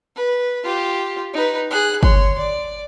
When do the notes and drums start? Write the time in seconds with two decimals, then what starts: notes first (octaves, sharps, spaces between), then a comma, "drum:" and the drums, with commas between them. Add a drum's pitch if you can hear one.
0.16 B4
0.64 F4 G4
1.34 D#4 B4
1.71 G#4 F#6
2.03 C#5 C6, drum: kick G1
2.39 D5